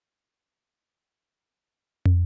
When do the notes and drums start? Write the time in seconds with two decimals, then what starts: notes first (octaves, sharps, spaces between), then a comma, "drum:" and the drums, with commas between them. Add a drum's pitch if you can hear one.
0.15 C#5 D6
2.06 drum: tom